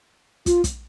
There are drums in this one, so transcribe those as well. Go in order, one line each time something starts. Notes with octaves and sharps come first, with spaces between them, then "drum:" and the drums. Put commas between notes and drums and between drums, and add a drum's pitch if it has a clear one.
F4, drum: kick, hi-hat
drum: kick, hi-hat